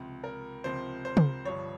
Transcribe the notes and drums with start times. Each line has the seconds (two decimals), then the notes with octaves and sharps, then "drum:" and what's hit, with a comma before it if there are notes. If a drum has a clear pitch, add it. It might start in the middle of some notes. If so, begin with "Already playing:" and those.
Already playing: C#2 C3 F3
0.24 A#4
0.64 C#2 C3 F3 C5
1.05 C5
1.17 drum: tom
1.45 G1 G2 F3 C#5